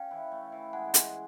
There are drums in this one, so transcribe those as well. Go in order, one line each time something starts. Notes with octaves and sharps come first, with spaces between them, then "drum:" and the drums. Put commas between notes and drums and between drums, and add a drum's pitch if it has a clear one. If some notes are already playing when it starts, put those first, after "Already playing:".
Already playing: C#4 F5 G5
E3
A3
E3
G#3 F#5 G#5
G#3, drum: hi-hat